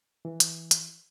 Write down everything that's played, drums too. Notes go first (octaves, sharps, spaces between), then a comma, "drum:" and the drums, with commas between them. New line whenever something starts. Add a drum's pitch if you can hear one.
E3
drum: hi-hat
drum: hi-hat